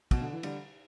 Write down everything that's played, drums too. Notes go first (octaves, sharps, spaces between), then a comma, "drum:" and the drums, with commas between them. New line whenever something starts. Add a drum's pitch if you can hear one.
B2, drum: kick, cymbal
D3
E3
D3 G3, drum: cymbal